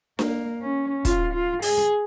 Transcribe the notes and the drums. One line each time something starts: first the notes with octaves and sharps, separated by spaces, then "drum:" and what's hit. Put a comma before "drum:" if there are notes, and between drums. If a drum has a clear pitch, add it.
A#3, drum: snare D4
C#4
F4, drum: kick, hi-hat
F4
G#4, drum: open hi-hat